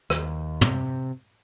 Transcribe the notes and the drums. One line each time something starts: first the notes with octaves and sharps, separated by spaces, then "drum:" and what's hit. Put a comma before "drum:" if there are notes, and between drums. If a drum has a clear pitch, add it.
D#2, drum: rim click
C3, drum: tom